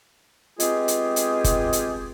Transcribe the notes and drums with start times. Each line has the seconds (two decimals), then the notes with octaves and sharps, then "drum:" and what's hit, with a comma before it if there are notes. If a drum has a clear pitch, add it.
0.60 G#3 B3 C4 F4 G4 G#4, drum: hi-hat
0.88 drum: hi-hat
1.16 drum: hi-hat
1.44 drum: kick F#1, hi-hat
1.73 drum: hi-hat